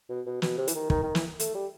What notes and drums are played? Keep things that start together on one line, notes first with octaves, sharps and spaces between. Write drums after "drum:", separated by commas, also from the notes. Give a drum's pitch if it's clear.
B2
B2
B2, drum: snare
C3
E3, drum: hi-hat
D#3
D#3, drum: kick
D#3
E3, drum: snare
A3, drum: hi-hat
G3